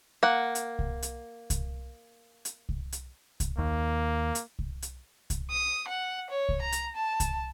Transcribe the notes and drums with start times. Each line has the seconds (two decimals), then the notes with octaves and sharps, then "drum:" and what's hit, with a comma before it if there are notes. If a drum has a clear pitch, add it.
0.23 A#3 F#5
0.55 drum: hi-hat
0.79 drum: kick C2
1.03 drum: hi-hat
1.50 drum: kick C2, hi-hat
2.45 drum: hi-hat
2.69 drum: kick C2
2.92 drum: hi-hat
3.40 drum: kick C2, hi-hat
3.58 D#2 A#3
4.35 drum: hi-hat
4.59 drum: kick C2
4.82 drum: hi-hat
5.30 drum: kick C2, hi-hat
5.50 D#6
5.88 F#5
6.30 C#5
6.49 drum: kick C2
6.62 A#5
6.72 drum: hi-hat
6.96 A5
7.20 drum: kick C2, hi-hat